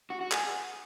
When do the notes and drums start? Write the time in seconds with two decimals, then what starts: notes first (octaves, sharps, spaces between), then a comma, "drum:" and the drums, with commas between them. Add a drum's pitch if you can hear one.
0.10 F#4
0.21 F#4
0.32 G#4, drum: clap